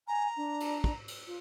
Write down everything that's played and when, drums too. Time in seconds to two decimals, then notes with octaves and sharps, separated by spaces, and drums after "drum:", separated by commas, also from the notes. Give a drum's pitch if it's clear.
0.08 G#5 A#5
0.36 D4
0.60 drum: cymbal
0.84 drum: kick
1.08 drum: cymbal
1.26 F4